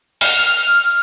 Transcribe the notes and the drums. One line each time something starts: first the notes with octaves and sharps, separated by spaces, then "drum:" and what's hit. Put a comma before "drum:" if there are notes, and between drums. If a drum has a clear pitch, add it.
F6, drum: open hi-hat